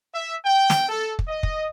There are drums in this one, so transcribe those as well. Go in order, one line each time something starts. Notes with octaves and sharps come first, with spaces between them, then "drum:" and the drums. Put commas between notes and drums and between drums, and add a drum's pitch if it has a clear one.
E5
G5
drum: snare
A4
drum: kick
D#5
drum: kick